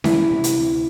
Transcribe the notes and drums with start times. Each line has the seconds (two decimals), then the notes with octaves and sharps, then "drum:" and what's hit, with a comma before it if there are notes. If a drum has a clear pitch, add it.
0.04 E3 E4, drum: snare C#4
0.31 C3
0.44 drum: hi-hat
0.57 D2